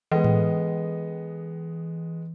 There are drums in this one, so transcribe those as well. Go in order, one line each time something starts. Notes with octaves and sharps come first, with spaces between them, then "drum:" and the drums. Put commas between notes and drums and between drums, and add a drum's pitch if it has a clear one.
E3 G#3 B3 D#5
drum: tom A2